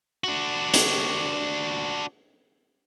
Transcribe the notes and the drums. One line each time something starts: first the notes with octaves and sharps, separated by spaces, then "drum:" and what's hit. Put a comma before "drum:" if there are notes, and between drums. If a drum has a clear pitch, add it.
D4 F#4
drum: hi-hat